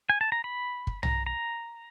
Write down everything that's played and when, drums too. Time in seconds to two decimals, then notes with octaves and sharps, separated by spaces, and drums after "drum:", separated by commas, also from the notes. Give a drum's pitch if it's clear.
0.09 G#5
0.21 A5
0.32 A#5
0.44 B5
0.87 drum: kick
1.03 A#5, drum: tom
1.26 A#5